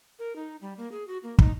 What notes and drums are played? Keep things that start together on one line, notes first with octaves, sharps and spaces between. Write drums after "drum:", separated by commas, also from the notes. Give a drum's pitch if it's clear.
A#4
D#4
G3
A#3
G#4
F#4
A#3
D#4, drum: kick